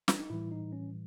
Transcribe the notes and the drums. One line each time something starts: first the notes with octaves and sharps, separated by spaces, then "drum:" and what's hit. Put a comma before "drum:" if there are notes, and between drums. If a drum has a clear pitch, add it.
D4, drum: snare
D#4
A2 E3 G3 E4
D#4
C#4